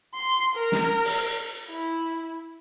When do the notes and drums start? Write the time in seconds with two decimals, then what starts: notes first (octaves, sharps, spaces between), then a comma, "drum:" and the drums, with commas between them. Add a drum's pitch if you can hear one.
0.14 C6
0.55 A#4
0.72 drum: snare
1.05 drum: open hi-hat
1.69 E4